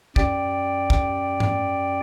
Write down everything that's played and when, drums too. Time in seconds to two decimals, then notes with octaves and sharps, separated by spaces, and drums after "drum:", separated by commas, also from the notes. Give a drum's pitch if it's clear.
0.16 F#2 G4 D5 G5, drum: kick
0.90 drum: kick
1.40 drum: tom G#2